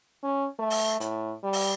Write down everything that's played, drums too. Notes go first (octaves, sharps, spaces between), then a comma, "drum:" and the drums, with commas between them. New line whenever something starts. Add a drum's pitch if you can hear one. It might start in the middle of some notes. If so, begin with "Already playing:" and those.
C#4
A3
drum: open hi-hat
A2, drum: hi-hat
G3
drum: open hi-hat